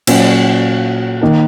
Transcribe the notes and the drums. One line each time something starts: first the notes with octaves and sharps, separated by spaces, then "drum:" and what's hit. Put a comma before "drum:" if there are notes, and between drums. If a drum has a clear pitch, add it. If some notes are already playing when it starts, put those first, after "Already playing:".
A#2 F#3 C#4, drum: cymbal
D#3 A#3 D#4 A#4